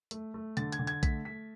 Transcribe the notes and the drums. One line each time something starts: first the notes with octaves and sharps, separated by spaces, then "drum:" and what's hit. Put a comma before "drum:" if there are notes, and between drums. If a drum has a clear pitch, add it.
A3, drum: hi-hat
A3
D3 A6, drum: hi-hat
G#6, drum: hi-hat
D3
G#6, drum: hi-hat
A3 B6, drum: kick A#1, hi-hat
A3 B6